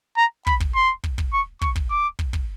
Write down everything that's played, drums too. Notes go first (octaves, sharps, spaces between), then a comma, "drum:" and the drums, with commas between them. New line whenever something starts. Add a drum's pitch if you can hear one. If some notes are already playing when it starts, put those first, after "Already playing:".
A#5
B5, drum: kick
drum: kick
C6
drum: kick
drum: kick
C#6
C#6, drum: kick
drum: kick
D6
drum: kick
drum: kick